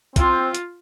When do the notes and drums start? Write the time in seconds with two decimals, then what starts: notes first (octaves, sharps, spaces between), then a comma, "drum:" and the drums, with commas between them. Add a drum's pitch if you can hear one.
0.16 C4 F4, drum: kick, hi-hat
0.54 drum: hi-hat